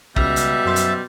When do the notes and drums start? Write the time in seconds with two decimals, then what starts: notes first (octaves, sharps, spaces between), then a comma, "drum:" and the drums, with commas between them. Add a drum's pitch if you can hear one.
0.16 C#2 B2 G3 E5 F6 A#6, drum: kick
0.36 drum: hi-hat
0.66 F#2 C5 A6
0.76 drum: hi-hat